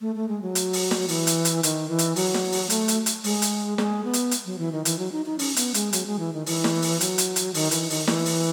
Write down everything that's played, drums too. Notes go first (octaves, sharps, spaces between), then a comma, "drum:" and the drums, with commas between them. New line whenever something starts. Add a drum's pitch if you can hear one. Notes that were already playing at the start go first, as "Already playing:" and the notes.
A3
A3
G#3
F#3
drum: hi-hat
drum: open hi-hat
drum: snare
E3, drum: open hi-hat
drum: hi-hat
drum: hi-hat
D#3, drum: hi-hat
E3
drum: hi-hat
F#3, drum: open hi-hat
drum: snare
drum: open hi-hat
A3, drum: hi-hat
drum: hi-hat
drum: hi-hat
G#3, drum: open hi-hat
drum: hi-hat
G#3, drum: snare
B3
drum: hi-hat
drum: hi-hat
F#3
E3
D#3
E3, drum: hi-hat
F#3
D#4
D#4
C#4, drum: open hi-hat
B3, drum: hi-hat
G#3, drum: hi-hat
F#3, drum: hi-hat
G#3
E3
D#3
E3, drum: open hi-hat
drum: snare
drum: open hi-hat
F#3, drum: hi-hat
drum: hi-hat
drum: hi-hat
D#3, drum: open hi-hat
E3, drum: hi-hat
D#3, drum: open hi-hat
E3, drum: snare
drum: open hi-hat